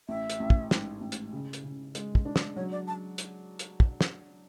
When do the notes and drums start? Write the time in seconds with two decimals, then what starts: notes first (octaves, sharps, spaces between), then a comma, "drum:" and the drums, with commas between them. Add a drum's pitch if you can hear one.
0.09 A1 E5
0.30 drum: hi-hat
0.40 A1
0.50 drum: kick
0.71 G#2, drum: snare
1.01 A1
1.12 drum: hi-hat
1.33 C#3
1.53 drum: hi-hat
1.64 C#3
1.95 G#3, drum: hi-hat
2.15 drum: kick
2.25 D4
2.36 drum: snare
2.56 F#3 C#5
2.72 D5
2.87 A5
3.18 drum: hi-hat
3.59 drum: hi-hat
3.80 drum: kick
4.01 drum: snare